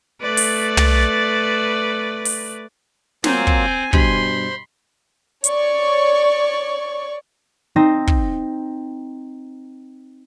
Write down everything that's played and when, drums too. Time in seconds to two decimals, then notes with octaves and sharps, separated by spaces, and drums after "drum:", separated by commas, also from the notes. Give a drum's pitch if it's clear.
0.22 A3 B4 D5
0.37 drum: open hi-hat
0.77 drum: tom
2.25 drum: open hi-hat
3.24 F#3 A#3 C4 F4 C5 G#5, drum: snare
3.47 drum: kick
3.93 G2 B2 G3 C5 B5 C6, drum: kick
5.44 C#5 D5 C#6, drum: hi-hat
7.76 C4 D#4 A#6
8.07 drum: kick